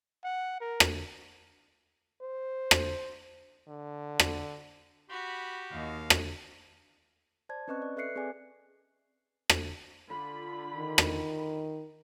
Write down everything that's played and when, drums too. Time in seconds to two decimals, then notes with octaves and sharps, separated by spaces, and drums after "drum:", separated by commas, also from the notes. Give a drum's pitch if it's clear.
0.24 F#5
0.61 A#4
0.80 drum: rim click
2.22 C5
2.71 drum: rim click
3.68 D3
4.20 drum: rim click
5.10 F#4 G4 B5
5.72 D#2 D#4 F5
6.10 drum: rim click
7.49 C5 D5 A5 G#6
7.68 C4 C#4 B4 D#5 C#6 F#6
7.82 D5
7.97 A4 B4 E5 F#6 C7 C#7
8.16 C4 G#4 D5 G#5
9.50 drum: rim click
10.08 D3 F4 B5
10.77 D#3
10.98 drum: rim click